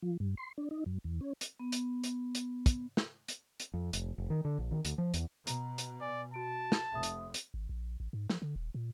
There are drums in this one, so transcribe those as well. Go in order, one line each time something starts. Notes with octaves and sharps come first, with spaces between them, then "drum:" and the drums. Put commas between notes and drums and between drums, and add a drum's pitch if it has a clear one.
F3
G2
C6
D4
D#4
F#2
E2
C#4
drum: hi-hat
B3
drum: hi-hat
drum: hi-hat
drum: hi-hat
drum: kick, hi-hat
drum: snare
drum: hi-hat
drum: hi-hat
F2
F1, drum: hi-hat
F1
D#3
D3
A#1
D#3
D2, drum: hi-hat
F3
E2, drum: hi-hat
B2 A#5, drum: hi-hat
drum: hi-hat
D5 G#5
F#4 A5 D7
drum: snare
F1 E5 D#6
drum: hi-hat
drum: hi-hat
G#1
A#1
A1
G#2
F3, drum: snare
D3
D#1
A#2